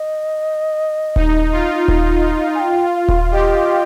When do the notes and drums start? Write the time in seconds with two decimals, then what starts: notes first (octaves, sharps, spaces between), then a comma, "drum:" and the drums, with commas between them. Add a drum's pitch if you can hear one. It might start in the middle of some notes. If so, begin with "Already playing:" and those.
Already playing: D#5
1.16 D#4, drum: kick D#1
1.52 F4
1.88 drum: kick D#1
2.55 G#5
2.60 G5
2.96 F5
3.08 drum: kick D#1
3.24 F5
3.32 G4 D#5